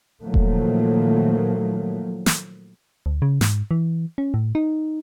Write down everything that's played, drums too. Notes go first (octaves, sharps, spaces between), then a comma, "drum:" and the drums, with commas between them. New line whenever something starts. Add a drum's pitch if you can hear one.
A#2 D#3 F3 F#3 A3 A#3
drum: kick E1
drum: snare
D2
C#3
G#2, drum: snare
E3
C#4
A2
D#4